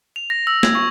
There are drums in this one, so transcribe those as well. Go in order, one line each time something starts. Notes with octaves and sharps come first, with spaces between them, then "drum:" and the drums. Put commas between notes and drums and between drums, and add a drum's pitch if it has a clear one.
F7
A#6
E6
G#6, drum: snare
C#6